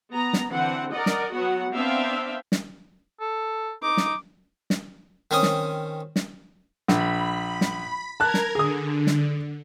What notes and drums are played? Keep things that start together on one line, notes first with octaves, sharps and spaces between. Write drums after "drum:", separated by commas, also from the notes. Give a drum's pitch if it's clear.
B3 A#5
drum: snare
D3 E3 C4 F#5
A#4 D5 D#5 F#5
drum: snare
F#3 B3 F#4 F#5
B3 C4 D4 E5 F5 G5
drum: snare
A4
D#4 D6
drum: snare
drum: snare
D#3 C4 C#4 G#5 D#6
drum: snare
drum: snare
A#1 B5, drum: snare
drum: snare
A#4 A5 A#5 F#6 G#6
drum: snare
D3 G#4 D#6
drum: snare